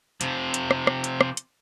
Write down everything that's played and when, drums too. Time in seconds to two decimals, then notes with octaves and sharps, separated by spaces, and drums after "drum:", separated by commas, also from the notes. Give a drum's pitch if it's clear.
0.21 C3 F3, drum: hi-hat
0.54 drum: hi-hat
0.71 drum: rim click
0.87 drum: rim click
1.04 drum: hi-hat
1.21 drum: rim click
1.37 drum: hi-hat